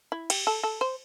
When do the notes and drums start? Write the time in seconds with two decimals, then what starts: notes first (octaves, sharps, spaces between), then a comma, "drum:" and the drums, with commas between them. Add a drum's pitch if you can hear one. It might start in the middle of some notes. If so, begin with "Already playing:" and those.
0.12 E4
0.30 G4, drum: cymbal
0.47 A4
0.63 A4
0.81 C5